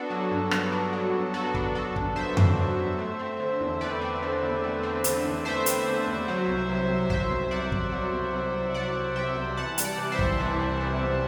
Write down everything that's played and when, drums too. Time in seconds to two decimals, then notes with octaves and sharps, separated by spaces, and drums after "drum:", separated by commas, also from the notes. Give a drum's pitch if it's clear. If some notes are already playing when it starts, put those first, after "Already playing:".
Already playing: B3 D4 F#4 A4
0.10 F#3
0.31 G2
0.51 B3, drum: rim click
0.72 D4
0.93 F#3
1.13 G2
1.34 B3 F#4 A4
1.54 D4, drum: kick
1.75 F#3 F#4 A4
1.96 G2, drum: kick
2.16 B3 C5 E5
2.37 D4, drum: tom F2
2.58 F#3
2.78 G2
2.98 A3
3.19 C4
3.40 D3
3.60 E2
3.81 A3 B4 D5
4.01 C4
4.22 D3
4.43 E2
4.64 A3
4.83 C4
5.04 D3, drum: hi-hat
5.25 E2
5.45 A3 C5 E5
5.66 C4, drum: hi-hat
5.87 D3
6.07 E2
6.28 F#3
6.48 C2
6.69 C3
6.90 C2
7.10 F#3 C5 E5, drum: kick
7.30 C2
7.51 C3 D5 F#5
7.72 C2, drum: kick
7.92 F#3
8.13 C2
8.33 C3
8.54 C2
8.74 F#3 D5 F#5
8.95 C2
9.16 C3 E5 G5
9.37 C2
9.57 E3 F#5 A5
9.78 G3, drum: hi-hat
9.85 D5 F#5
9.98 C3
10.12 C5 E5
10.19 C2, drum: kick
10.39 E3
10.60 G3
10.81 C3
11.01 C2